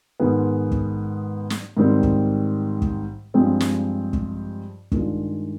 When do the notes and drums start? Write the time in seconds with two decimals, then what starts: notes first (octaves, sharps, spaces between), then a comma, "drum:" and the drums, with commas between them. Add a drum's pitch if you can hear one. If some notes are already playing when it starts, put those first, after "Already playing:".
0.20 G#2 D#3 G#3 B3
0.71 drum: kick
1.50 drum: snare
1.77 G#2 D#3 G3 C4
2.03 drum: kick
2.82 drum: kick
3.34 G2 F3 G#3 C4 G4
3.60 drum: snare
4.13 drum: kick
4.92 G2 D#3 G#3 D4 F4, drum: kick